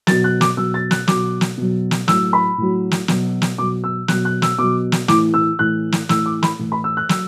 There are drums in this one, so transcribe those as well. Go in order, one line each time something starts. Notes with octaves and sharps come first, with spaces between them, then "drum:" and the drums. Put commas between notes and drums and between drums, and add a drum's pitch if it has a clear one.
B2 F#3 A6, drum: snare
F#6
D6, drum: snare
B2 F#3 E6
A6
F#6, drum: snare
B2 F#3 D6, drum: snare
drum: snare
B2 F#3
drum: snare
A2 F#3 E6, drum: snare
B5
A2 F#3
drum: snare
B2 F#3, drum: snare
drum: snare
B2 F#3 D6
E6
B2 F#3 F#6, drum: snare
F#6
E6, drum: snare
B2 F#3 D6
drum: snare
A2 E3 D6, drum: snare
E6
A2 E3 F#6
drum: snare
A2 E3 E6, drum: snare
D6
B5, drum: snare
A2 E3
B5
E6
F#6
F#3 E6, drum: snare